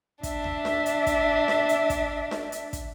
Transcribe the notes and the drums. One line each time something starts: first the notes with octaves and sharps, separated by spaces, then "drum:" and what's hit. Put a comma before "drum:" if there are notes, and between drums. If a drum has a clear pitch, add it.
D4 E5, drum: kick, hi-hat
drum: tom D2
drum: snare D4
drum: hi-hat
drum: kick, hi-hat
drum: snare D4
drum: hi-hat
drum: kick, hi-hat
drum: snare D4
drum: hi-hat
drum: kick, hi-hat